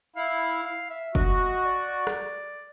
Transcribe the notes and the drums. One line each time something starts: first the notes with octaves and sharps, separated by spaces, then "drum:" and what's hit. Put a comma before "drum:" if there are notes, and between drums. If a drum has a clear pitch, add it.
E4 F5
F5
E5
F#4 D#5, drum: kick
D5
drum: rim click